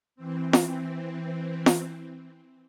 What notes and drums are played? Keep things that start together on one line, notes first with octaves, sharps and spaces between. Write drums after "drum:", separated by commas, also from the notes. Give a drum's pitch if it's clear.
E3 C4
drum: snare
drum: snare